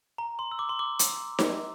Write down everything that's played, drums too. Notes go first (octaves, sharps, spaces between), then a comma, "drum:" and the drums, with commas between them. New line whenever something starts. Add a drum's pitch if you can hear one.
A#5
C6
E6
D6
C6
D6
drum: hi-hat
drum: snare D#4